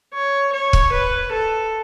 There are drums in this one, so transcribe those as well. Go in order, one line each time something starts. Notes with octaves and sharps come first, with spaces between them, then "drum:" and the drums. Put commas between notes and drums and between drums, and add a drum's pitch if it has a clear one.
C#5
C#5
drum: kick
B4
A4